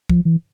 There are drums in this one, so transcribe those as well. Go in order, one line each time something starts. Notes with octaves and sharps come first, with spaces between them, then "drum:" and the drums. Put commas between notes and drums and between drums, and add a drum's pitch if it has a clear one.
F3, drum: kick
E3